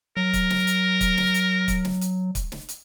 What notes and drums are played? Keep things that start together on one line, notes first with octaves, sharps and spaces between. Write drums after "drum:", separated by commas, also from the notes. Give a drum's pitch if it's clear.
F#3 A#4
drum: kick C#1, hi-hat
drum: snare
drum: hi-hat
drum: kick C#1, hi-hat
drum: snare
drum: hi-hat
drum: kick C#1, hi-hat
drum: snare
drum: hi-hat
drum: kick C#1, hi-hat
drum: snare
drum: hi-hat